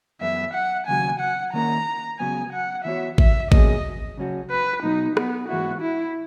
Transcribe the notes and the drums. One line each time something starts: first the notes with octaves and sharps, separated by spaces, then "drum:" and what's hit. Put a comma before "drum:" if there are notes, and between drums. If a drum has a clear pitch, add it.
F#2 E3 B3 E4 E5
F#5
D#2 C#3 F#3 G#5
F#5
D#3 A#3 C#4 E4 A#4 A#5
C#2 C#3 F#3 B3 G#5
F#5
E3 B3 F#4 C#5 E5
E5, drum: kick G#1
B2 F#3 A#3 C#4 G#4 D#5, drum: kick G#1
C#3 F#3 C#4 F#4
B4
B2 F#3 B3 D#4
B3, drum: rim click
G#2 E3 B3 E4 F#4
E4